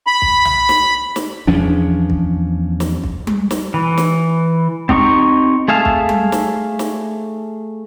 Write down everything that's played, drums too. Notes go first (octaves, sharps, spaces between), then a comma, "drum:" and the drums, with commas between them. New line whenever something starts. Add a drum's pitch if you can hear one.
B5
drum: kick
drum: tom
drum: snare
drum: snare
E2 F3 C#4 D4
drum: kick
drum: snare
drum: kick
drum: tom G3
drum: snare
E3
drum: snare
C4 D#4 G4 C#6, drum: kick
A3 G#4 E5 F5 A5
drum: kick
drum: tom G3
drum: snare
drum: snare